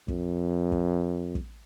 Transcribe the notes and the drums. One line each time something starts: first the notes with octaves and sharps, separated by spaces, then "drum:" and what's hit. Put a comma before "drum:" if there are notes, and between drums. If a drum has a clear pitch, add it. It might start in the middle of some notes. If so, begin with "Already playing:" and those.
F2, drum: kick
drum: kick
drum: kick